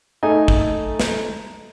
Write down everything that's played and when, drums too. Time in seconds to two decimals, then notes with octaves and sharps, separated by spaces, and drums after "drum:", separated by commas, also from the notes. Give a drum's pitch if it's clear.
0.23 A3 D#4 D#5 G#5
0.48 drum: kick
1.00 drum: snare